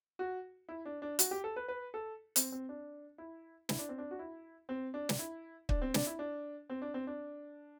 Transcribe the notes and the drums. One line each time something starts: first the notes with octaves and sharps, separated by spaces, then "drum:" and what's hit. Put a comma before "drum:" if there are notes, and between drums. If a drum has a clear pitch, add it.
F#4
E4
D4
D4
F#4, drum: hi-hat
G4
A4
B4
B4
A4
C4, drum: hi-hat
C4
D4
E4
E4, drum: snare
D4
C4
D4
F#4
E4
C4
D4
drum: snare
E4
D4, drum: kick
C4
D4, drum: snare
E4
D4
C4
D4
C4
D4